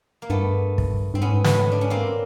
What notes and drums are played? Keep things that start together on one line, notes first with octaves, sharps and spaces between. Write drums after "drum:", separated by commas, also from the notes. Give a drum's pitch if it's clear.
A#3
G2 A3 B3
drum: kick
G2 C4
G#2 B3 C#4
A3 B3, drum: snare
D4
C#4
A#3 C4